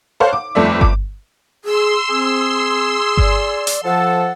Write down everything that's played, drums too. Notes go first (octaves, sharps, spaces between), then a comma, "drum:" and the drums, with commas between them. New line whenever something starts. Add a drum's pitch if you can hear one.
A4 C5 C#5 F5 F#5
D6
G1 F2 A3 D5 E5
D6, drum: kick G1
G#4 C6 E6
C4 G#4
D5, drum: kick G1
drum: hi-hat
F3 A4 F#5